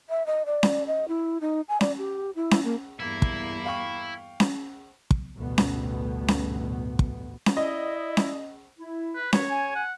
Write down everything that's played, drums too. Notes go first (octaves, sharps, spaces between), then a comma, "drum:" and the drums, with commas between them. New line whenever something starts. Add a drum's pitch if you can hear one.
E5
D#5
D5
drum: snare C#4
D#5
E4
D#4
G#5
D5, drum: snare C#4
G4
E4
drum: snare C#4
A#3
E2 G2 A#3 E4
drum: kick
F5 G5 C#6
drum: snare C#4
drum: kick
A1 D2 G2 B2 B3
drum: snare C#4
drum: snare C#4
drum: kick
drum: snare C#4
E4 D5 D#5
drum: snare C#4
E4
B4
F#4 A#4 B4 C#5, drum: snare C#4
G#5
F#5